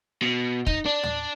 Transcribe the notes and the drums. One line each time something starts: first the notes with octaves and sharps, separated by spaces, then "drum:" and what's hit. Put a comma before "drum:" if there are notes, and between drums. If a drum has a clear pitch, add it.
B2
D#4, drum: kick
D4
drum: tom